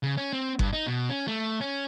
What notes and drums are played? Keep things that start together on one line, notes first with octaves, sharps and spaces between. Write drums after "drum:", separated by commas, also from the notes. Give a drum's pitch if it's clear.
C#3
C#4
C4
G2, drum: kick G1
D#4
B2
C#4
A3
C#4